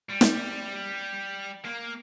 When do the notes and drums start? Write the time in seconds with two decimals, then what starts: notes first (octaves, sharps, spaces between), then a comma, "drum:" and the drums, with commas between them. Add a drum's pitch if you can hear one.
0.10 G3
0.21 drum: snare
1.65 A#3